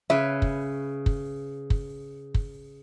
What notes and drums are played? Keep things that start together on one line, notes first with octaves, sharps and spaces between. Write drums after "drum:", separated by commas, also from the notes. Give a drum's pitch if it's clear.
C#3 B4 E5
drum: kick
drum: kick
drum: kick
drum: kick